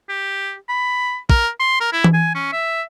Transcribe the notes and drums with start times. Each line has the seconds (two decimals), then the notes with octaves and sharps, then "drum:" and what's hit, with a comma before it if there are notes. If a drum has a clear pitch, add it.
0.09 G4
0.69 B5
1.30 A#4, drum: kick
1.60 C6
1.80 A#4
1.93 E4
2.04 drum: tom E3
2.14 G#5
2.35 C#4
2.53 E5